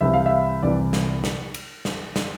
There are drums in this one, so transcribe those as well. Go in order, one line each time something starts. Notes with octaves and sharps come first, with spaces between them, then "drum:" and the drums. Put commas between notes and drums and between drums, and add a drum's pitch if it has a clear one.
C2 C3 E3 E5
F5
E5
C2 C3 E3 D5
drum: snare
drum: snare
drum: cymbal
drum: snare
drum: snare